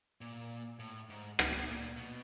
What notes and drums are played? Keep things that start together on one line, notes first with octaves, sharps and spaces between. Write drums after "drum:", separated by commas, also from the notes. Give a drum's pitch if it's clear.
A#2
A2
G#2
A2, drum: rim click
A#2
A2
A#2
B2